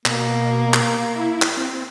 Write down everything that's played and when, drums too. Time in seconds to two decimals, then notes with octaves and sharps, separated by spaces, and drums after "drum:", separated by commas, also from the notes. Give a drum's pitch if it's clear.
0.06 B2 A#3, drum: clap
0.74 drum: clap
1.16 E4
1.42 drum: clap
1.57 C4